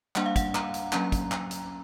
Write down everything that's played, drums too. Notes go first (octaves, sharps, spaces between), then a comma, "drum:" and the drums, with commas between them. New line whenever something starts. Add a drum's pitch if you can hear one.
G3 A#3 D4 F#5, drum: clap
F5
F#5, drum: kick, hi-hat
A#5, drum: clap
drum: hi-hat
F#3 A#3 C#4 A#5, drum: clap
drum: kick, hi-hat
drum: clap
drum: hi-hat